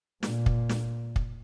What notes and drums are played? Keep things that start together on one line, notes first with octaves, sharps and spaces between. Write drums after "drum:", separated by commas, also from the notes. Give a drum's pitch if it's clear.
A#2, drum: snare
drum: kick
drum: snare
drum: kick